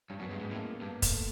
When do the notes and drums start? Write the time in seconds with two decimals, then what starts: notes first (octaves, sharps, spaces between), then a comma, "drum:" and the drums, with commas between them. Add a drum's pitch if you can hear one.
0.10 G2 C#4
0.20 F#2 B3
0.30 G2 G#3
0.40 G#2 G#3
0.51 A2
0.56 A#3
0.72 B3
0.82 G2
0.88 A#3
1.02 A3, drum: kick, hi-hat